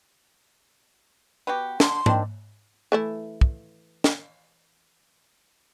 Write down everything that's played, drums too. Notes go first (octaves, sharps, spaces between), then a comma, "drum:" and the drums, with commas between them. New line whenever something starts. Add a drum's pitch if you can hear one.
B3 F#4 G4
D3 C6, drum: snare
D#3 C4 D4, drum: tom G#2
E3 A3 E4
drum: kick
drum: snare